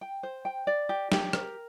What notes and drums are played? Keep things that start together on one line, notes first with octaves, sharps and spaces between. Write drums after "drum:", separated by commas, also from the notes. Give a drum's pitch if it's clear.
G5
C5
G5
D5
G4
G4, drum: snare
A#4, drum: rim click